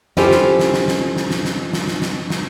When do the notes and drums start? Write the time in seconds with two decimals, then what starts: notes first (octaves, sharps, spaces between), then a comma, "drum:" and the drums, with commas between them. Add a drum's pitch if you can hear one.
0.17 C#4 E4 F4 G4 A4 C5, drum: snare
0.31 drum: snare
0.59 drum: snare
0.74 drum: snare
0.88 drum: snare
1.16 drum: snare
1.31 drum: snare
1.45 drum: snare
1.73 drum: snare
1.88 drum: snare
2.02 drum: snare
2.30 drum: snare